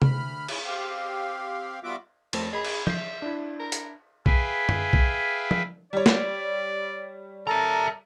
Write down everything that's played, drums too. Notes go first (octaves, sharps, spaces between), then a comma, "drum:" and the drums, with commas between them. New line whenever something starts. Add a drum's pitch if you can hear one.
D2 B5 F6, drum: tom C3
F3 C#4 E4, drum: cymbal
C4 G4 F5
G3 B3 F4 F#4 E5 D6
F2 A3 A4 C5, drum: cymbal
G#4 D#5 B5
drum: cymbal
E5 G6 C7, drum: tom F3
D4 E4
A#4
drum: hi-hat
G#4 B4 E5 F5 G5 G#5, drum: kick
drum: tom F#2
drum: kick
drum: tom F3
G3 C#5 D5
drum: snare
A4 A#4 E5 A#5